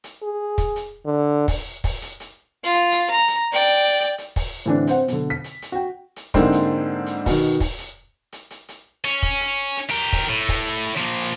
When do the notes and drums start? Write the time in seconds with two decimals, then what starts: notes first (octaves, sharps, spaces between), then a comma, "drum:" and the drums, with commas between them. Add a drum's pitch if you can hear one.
0.04 drum: hi-hat
0.23 G#4
0.58 drum: kick, hi-hat
0.76 drum: hi-hat
1.06 D3
1.48 drum: kick, open hi-hat
1.84 drum: kick, open hi-hat
2.02 drum: hi-hat
2.20 drum: hi-hat
2.64 F4
2.74 drum: hi-hat
2.92 drum: hi-hat
3.10 A#5
3.28 drum: hi-hat
3.52 D5 G5
3.64 drum: hi-hat
4.00 drum: hi-hat
4.18 drum: hi-hat
4.36 drum: kick, open hi-hat
4.66 A2 D3 E3 C4 D4
4.87 C4 C5 F#5, drum: hi-hat
5.08 B2 D3, drum: hi-hat
5.30 B6
5.44 drum: hi-hat
5.62 drum: hi-hat
5.72 F#4 G5
6.16 drum: hi-hat
6.34 G#2 D3 G#3 A#3 C4 E4, drum: kick, hi-hat
6.52 drum: hi-hat
7.06 drum: hi-hat
7.26 B2 D#3, drum: kick, open hi-hat
7.60 drum: kick, open hi-hat
7.78 drum: hi-hat
8.32 drum: hi-hat
8.50 drum: hi-hat
8.68 drum: hi-hat
9.04 C#4, drum: hi-hat
9.23 drum: kick, hi-hat
9.41 drum: hi-hat
9.77 drum: hi-hat
9.90 G4 A#4
10.13 drum: kick, open hi-hat
10.29 A2
10.49 drum: kick, open hi-hat
10.67 drum: hi-hat
10.85 drum: hi-hat
10.98 F3 A#3
11.21 drum: hi-hat